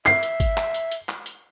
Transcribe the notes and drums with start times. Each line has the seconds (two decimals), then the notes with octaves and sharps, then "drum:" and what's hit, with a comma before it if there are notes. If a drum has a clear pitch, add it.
0.06 E5 C7, drum: clap
0.23 drum: hi-hat
0.40 drum: kick G#1, hi-hat
0.57 drum: clap
0.74 drum: hi-hat
0.92 drum: hi-hat
1.09 drum: clap
1.26 drum: hi-hat